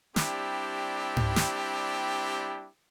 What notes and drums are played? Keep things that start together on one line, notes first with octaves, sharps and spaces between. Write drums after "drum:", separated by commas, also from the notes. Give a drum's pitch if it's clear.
G3 C4 D4 E4 G4, drum: snare
drum: tom G#2
drum: snare